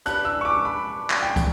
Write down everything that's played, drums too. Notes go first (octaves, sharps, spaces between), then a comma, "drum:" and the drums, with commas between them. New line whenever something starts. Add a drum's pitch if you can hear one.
D4 G4 B4 D5 F#6, drum: hi-hat
E6
C#6
D6
B5
drum: clap
G5
drum: kick, hi-hat